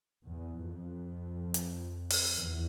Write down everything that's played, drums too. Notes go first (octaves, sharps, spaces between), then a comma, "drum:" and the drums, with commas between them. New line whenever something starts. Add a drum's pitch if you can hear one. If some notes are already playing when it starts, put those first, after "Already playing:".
E2
F2
drum: hi-hat
drum: open hi-hat
E2